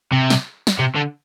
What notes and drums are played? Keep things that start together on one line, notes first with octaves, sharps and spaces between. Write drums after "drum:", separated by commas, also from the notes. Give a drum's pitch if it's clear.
C3
drum: snare
drum: snare
C3
D3